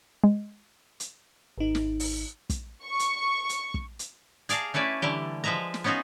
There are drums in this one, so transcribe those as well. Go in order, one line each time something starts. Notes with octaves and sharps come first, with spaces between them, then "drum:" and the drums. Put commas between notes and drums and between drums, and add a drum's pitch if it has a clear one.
G#3
drum: hi-hat
G#1 D#4
drum: snare
drum: open hi-hat
drum: kick, hi-hat
C#6
drum: hi-hat
drum: hi-hat
drum: kick
drum: hi-hat
G#4 D5 F5 A5 A#5, drum: hi-hat
A3 C#4 E4 B4 D5
D3 E3 G3 G4
F3 G#3 B4 E5 A#5
drum: snare
B3 C#4 D#4 F4 F#4